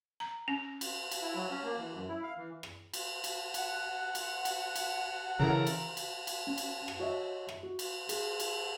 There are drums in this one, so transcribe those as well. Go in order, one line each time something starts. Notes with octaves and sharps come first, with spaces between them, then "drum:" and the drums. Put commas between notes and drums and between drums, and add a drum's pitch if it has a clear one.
A#5
C#4
drum: cymbal
drum: cymbal
E4
F#3
C#4
A#3
E3
F#2
E4
F5
E3
drum: rim click
drum: cymbal
drum: cymbal
F#5, drum: cymbal
drum: cymbal
drum: cymbal
drum: cymbal
C#3 E3 A4 A#4 A#5
drum: cymbal
drum: cymbal
drum: cymbal
C#4
drum: cymbal
drum: rim click
F#4 C#5 D#5 E5
drum: rim click
F#4
drum: cymbal
G#4, drum: cymbal
drum: cymbal